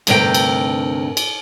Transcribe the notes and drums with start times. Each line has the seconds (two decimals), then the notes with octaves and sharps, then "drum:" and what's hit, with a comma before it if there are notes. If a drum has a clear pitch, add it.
0.07 D2 G2 C3 A#4 G5, drum: cymbal
0.34 drum: cymbal
1.17 drum: cymbal